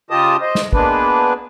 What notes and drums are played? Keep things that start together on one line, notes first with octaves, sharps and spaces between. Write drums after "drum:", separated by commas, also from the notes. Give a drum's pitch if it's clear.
C#3 F4 G4 D#5 A5 D#6
C5 D#5
drum: snare
G#3 A#3 B3 D4 B4, drum: kick